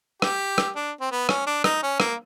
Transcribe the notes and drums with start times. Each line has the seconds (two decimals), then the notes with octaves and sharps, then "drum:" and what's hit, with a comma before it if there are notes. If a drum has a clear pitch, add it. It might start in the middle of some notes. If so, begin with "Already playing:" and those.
0.22 G4, drum: rim click
0.58 drum: rim click
0.76 D4
1.01 C4
1.11 B3
1.29 C#4, drum: rim click
1.46 D4
1.64 D#4, drum: rim click
1.83 C#4
2.00 A#3, drum: rim click